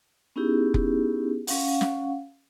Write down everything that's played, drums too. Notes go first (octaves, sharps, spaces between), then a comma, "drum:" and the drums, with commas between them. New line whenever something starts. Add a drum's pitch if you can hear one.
B3 C#4 D#4 E4 G4 G#4
drum: kick F1
C#4 F5 F#5, drum: open hi-hat
drum: snare